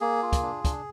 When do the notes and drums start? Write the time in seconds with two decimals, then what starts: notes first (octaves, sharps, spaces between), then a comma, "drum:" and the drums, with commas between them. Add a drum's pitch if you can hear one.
0.01 A#3 G#4
0.22 F4
0.33 drum: kick, hi-hat
0.43 D4
0.65 D4, drum: kick, hi-hat